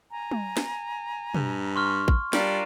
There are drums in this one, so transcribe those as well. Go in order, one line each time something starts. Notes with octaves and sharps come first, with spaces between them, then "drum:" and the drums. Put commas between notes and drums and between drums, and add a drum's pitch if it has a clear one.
G#5 A#5
drum: tom
drum: snare
G2, drum: tom
C6 C#6 F6
drum: kick A1
G3 D4 F4 A#4, drum: snare